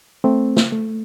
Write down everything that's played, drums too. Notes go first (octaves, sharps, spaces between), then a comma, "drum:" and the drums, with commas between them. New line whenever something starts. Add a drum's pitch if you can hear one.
A3 C4
drum: snare
A3